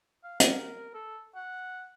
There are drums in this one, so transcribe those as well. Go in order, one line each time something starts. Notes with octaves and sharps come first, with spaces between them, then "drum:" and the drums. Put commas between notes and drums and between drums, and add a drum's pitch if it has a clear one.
F5
A#4, drum: hi-hat
A4
F#5